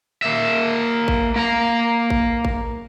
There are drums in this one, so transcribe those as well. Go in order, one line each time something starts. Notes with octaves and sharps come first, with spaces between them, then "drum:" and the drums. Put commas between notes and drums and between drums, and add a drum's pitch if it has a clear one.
A#3 E5
drum: kick A1
A#3 A#5
drum: kick A1
drum: kick A1